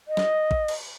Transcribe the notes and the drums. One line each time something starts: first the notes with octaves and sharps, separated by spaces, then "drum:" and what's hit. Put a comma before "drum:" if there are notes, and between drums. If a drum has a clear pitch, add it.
D#5
drum: snare
drum: kick
drum: cymbal